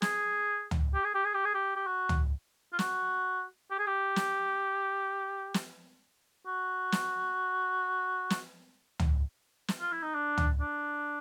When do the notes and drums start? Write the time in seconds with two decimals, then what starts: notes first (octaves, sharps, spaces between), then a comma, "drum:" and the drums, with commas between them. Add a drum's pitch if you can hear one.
0.02 G#4, drum: snare
0.71 drum: tom
0.94 G4
1.04 G#4
1.14 G4
1.25 G#4
1.34 G4
1.45 G#4
1.54 G4
1.76 G4
1.87 F#4
2.09 drum: tom
2.73 F4
2.79 F#4, drum: snare
3.71 G4
3.79 G#4
3.87 G4
4.16 drum: snare
5.54 drum: snare
6.47 F#4
6.92 drum: snare
8.30 drum: snare
8.99 drum: tom
9.68 drum: snare
9.81 F4
9.92 E4
10.03 D#4
10.15 D4
10.37 drum: tom
10.60 D4